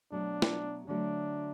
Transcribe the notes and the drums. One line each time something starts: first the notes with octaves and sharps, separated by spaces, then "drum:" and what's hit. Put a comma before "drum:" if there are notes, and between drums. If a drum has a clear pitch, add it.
B2 F#3 A3 D4
drum: snare
D3 F#3 A3 D4